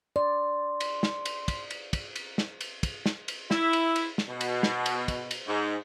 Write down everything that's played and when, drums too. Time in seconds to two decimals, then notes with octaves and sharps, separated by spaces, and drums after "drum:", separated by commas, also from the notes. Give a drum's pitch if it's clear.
0.16 D5 C6
0.80 drum: cymbal
1.03 drum: snare
1.25 drum: cymbal
1.48 drum: kick, cymbal
1.71 drum: cymbal
1.93 drum: kick, cymbal
2.16 drum: cymbal
2.38 drum: snare
2.61 drum: cymbal
2.83 drum: kick, cymbal
3.06 drum: snare
3.28 drum: cymbal
3.51 E4, drum: snare
3.73 drum: cymbal
3.96 drum: cymbal
4.18 drum: snare
4.28 B2
4.41 drum: cymbal
4.63 drum: snare
4.86 drum: cymbal
5.08 drum: kick, cymbal
5.31 drum: cymbal
5.47 G#2